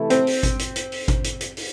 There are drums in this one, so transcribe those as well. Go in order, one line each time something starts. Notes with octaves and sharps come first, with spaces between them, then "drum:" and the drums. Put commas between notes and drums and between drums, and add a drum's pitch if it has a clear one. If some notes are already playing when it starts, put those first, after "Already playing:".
Already playing: C3 E3 A3 E4 A4
C4, drum: hi-hat
drum: open hi-hat
drum: kick G#1, hi-hat
drum: hi-hat
drum: hi-hat
drum: open hi-hat
drum: kick G#1, hi-hat
drum: hi-hat
drum: hi-hat
drum: open hi-hat